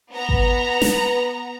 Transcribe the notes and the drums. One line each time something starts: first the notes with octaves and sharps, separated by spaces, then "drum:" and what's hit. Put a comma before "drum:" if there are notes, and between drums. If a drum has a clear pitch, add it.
B3 A#5
drum: kick G#1
drum: snare